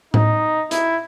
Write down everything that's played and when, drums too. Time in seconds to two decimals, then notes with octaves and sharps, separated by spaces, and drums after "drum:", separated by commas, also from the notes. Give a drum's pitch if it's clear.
0.14 D#4, drum: tom A2
0.71 E4, drum: hi-hat